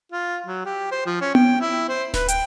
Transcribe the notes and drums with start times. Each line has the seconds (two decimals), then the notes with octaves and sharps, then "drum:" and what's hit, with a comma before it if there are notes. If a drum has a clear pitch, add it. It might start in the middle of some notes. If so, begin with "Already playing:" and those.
0.12 F4
0.46 F#3
0.65 G4
0.91 C5
1.06 F3
1.21 C#4
1.35 G5, drum: tom B3
1.61 E4
1.89 C5
2.14 B4, drum: snare D1
2.28 G5, drum: hi-hat